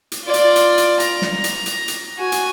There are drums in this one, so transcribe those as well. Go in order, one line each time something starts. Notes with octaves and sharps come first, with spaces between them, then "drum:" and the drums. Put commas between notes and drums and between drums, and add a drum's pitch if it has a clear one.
drum: hi-hat
F4 D5
drum: hi-hat
drum: hi-hat
drum: hi-hat
A#5, drum: hi-hat
drum: snare
drum: hi-hat
drum: hi-hat
drum: hi-hat
F#4 G#5
drum: hi-hat